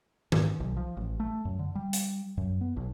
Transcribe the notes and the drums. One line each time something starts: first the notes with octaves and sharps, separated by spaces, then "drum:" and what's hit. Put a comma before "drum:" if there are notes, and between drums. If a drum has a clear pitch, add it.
G#2, drum: tom D#3
B1
F3
A1
A3
F#2
D3
G3
drum: hi-hat
F#2
B3
B1